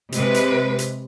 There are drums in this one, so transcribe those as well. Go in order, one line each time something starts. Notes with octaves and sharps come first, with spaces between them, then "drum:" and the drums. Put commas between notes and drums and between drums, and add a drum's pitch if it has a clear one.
C3 G#3 B4, drum: hi-hat
drum: hi-hat
drum: hi-hat